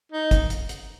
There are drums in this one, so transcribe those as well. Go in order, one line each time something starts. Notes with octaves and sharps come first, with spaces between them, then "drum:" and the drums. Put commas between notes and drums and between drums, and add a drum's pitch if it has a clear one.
D#4
drum: kick, hi-hat
drum: hi-hat
drum: hi-hat